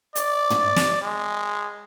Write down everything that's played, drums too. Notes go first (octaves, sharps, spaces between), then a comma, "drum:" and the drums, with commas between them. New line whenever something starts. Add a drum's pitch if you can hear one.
D5, drum: hi-hat
drum: tom
drum: snare
G#3